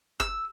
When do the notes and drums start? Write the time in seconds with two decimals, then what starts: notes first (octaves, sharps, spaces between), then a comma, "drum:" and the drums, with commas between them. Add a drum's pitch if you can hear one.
0.20 E6, drum: kick F#1